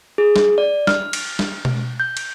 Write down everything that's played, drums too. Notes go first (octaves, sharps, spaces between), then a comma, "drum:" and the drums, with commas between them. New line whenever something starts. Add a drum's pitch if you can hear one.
G#4
drum: snare
D5
F6, drum: snare
drum: cymbal
drum: snare
drum: tom B2
G6
drum: cymbal